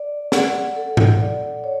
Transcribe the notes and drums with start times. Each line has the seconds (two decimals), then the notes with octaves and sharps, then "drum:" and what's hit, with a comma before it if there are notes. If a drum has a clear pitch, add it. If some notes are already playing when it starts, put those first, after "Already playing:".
Already playing: D5
0.32 F#5, drum: snare
0.76 A4
0.97 drum: tom G#2
1.21 D5
1.64 C#5